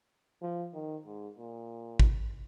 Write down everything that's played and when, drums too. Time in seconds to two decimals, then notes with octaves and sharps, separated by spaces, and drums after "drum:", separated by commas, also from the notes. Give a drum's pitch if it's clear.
0.42 F3
0.74 D#3
1.06 G#2
1.38 A#2
2.00 drum: kick